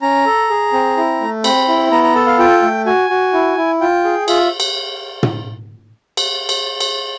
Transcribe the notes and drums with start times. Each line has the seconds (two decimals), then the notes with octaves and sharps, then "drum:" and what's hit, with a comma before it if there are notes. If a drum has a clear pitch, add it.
0.02 C#4 A#5
0.26 A4
0.50 G#4
0.73 C4
0.97 E4
1.20 A3
1.44 C4 B5, drum: cymbal
1.68 E4
1.91 B3 A#5
2.03 A#5
2.15 A4 A5
2.27 F5
2.39 F4 G5
2.62 A3
2.86 F#4 G#5
3.10 F#4
3.33 E4
3.57 E4
3.81 F4 G5
4.04 G#4
4.28 F4 E5, drum: cymbal
4.60 drum: cymbal
5.23 drum: tom
6.17 drum: cymbal
6.49 drum: cymbal
6.80 drum: cymbal